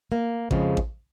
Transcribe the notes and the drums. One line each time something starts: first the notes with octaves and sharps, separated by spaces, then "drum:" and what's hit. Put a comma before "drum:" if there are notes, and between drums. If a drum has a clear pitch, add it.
A#3
F2 C#3 F3 G#3, drum: kick A1
drum: kick A1